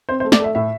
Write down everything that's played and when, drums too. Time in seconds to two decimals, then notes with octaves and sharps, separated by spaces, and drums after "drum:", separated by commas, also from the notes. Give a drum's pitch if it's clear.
0.09 C4 C5
0.20 C5
0.25 A3
0.32 D5, drum: snare
0.40 A3 E5
0.55 A2 E5